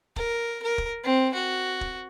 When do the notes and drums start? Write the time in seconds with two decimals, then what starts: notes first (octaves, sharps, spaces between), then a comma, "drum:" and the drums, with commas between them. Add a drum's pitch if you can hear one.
0.16 A#4, drum: kick
0.63 A#4
0.78 drum: kick
1.04 C4
1.34 F#4
1.81 drum: kick